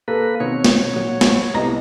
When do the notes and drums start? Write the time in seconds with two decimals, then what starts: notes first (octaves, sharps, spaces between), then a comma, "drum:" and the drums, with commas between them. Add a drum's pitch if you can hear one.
0.08 A#3 A4 B4
0.40 B2 D#3 C4 C#5
0.64 drum: snare
0.93 A#2 F#3
1.21 drum: snare
1.54 C2 A2 B3 D#5 A#5